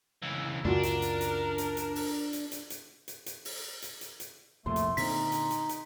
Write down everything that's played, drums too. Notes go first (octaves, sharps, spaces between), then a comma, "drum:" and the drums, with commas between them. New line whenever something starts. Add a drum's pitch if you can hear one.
C#2 E3
C#2 F#2 G#3 D4 F4 F#4 A#4
drum: hi-hat
drum: hi-hat
drum: hi-hat
drum: hi-hat
drum: hi-hat
drum: open hi-hat
drum: hi-hat
drum: hi-hat
drum: hi-hat
drum: hi-hat
drum: hi-hat
drum: open hi-hat
drum: hi-hat
drum: hi-hat
drum: hi-hat
C2 F2 A#2 A3 C6
drum: hi-hat
A#2 D3 C4 D#4 B6, drum: open hi-hat
drum: hi-hat
drum: hi-hat
drum: hi-hat